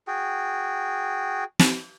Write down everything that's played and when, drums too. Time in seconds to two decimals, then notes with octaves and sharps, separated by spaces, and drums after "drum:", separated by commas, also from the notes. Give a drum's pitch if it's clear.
0.07 F#4 G#4 G5
1.59 drum: snare